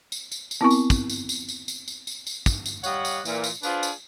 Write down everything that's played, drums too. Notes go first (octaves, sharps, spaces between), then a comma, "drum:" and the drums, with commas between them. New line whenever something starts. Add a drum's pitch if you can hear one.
drum: tambourine
drum: tambourine
drum: tambourine
B3 C4 E4 A#4 G#5 C#6
drum: tambourine
drum: kick, tambourine
drum: tambourine
drum: tambourine
drum: tambourine
drum: tambourine
drum: tambourine
drum: tambourine
drum: tambourine
drum: kick, tambourine
drum: tambourine
G3 C#5 D#5 F5 F#5, drum: tambourine
drum: tambourine
A#2 E3, drum: tambourine
drum: tambourine
D4 F4 G#4 B4 C5 F5, drum: tambourine
drum: tambourine